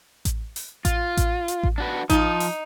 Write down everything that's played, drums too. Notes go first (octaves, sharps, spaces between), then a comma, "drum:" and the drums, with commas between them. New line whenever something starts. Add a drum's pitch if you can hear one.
drum: kick A1, hi-hat
drum: open hi-hat
F4, drum: kick A1, hi-hat
drum: kick A1, hi-hat
drum: hi-hat
drum: kick A1
D4 F#4 B4
F3 D#4, drum: kick A1, hi-hat
drum: open hi-hat